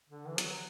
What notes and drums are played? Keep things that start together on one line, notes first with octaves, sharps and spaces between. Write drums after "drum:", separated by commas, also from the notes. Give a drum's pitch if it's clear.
D3
E3
F#3, drum: hi-hat